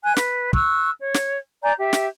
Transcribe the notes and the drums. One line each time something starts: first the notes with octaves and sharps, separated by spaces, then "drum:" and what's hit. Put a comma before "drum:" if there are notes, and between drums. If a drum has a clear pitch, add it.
G#5 F#6
B4, drum: snare
C#6 E6 F#6, drum: kick
C#5
drum: snare
D5 G#5 A#5 G6
G4 E5
drum: snare